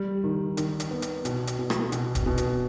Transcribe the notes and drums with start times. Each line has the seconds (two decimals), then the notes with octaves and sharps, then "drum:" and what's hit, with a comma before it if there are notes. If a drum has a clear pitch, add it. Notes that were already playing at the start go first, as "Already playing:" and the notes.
Already playing: G3
0.24 D#3
0.57 D#3, drum: hi-hat
0.80 drum: hi-hat
0.91 B3
1.02 drum: hi-hat
1.25 B2, drum: hi-hat
1.47 drum: hi-hat
1.59 B2
1.70 drum: rim click
1.92 B2, drum: hi-hat
2.15 drum: kick D1, hi-hat
2.26 B2
2.38 drum: hi-hat